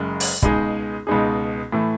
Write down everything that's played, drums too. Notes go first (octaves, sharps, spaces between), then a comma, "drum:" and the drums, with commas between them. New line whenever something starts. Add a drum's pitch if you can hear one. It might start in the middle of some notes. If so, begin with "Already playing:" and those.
Already playing: F#1 F#2 C#3 G#3
drum: open hi-hat
C#2 B2 G#3 D#4 G#4, drum: kick
C#2 B2 G#3 D#4 G#4
A2 E3 A3